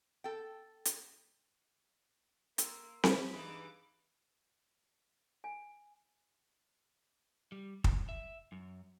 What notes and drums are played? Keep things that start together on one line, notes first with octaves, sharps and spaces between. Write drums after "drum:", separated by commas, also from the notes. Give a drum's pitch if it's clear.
A4 G5
drum: hi-hat
A#3 C6 E6, drum: hi-hat
C5 D#6 B6, drum: snare C4
G2 E3 D#4 G#4 B5 D6
G#5
G3
F#2, drum: kick
E5
F#2